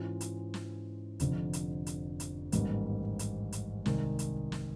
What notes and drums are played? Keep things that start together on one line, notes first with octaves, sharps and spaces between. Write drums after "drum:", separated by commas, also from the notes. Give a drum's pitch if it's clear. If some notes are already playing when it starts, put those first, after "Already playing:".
Already playing: G#2 E3 G#3 C#4 F4
drum: hi-hat
drum: snare
F1 F2 D3, drum: hi-hat
drum: hi-hat
drum: hi-hat
drum: hi-hat
A1 G#2 D#3 G3 A#3, drum: hi-hat
drum: hi-hat
drum: hi-hat
C2 C3 D#3 G#3, drum: snare
drum: hi-hat
drum: snare